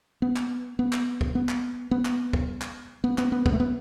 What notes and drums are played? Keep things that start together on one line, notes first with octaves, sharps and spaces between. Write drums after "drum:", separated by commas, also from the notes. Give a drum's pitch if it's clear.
B3
drum: clap
B3
drum: clap
drum: kick
B3
drum: clap
B3
drum: clap
drum: kick
drum: clap
B3
B3, drum: clap
B3
B3, drum: kick
A3
B3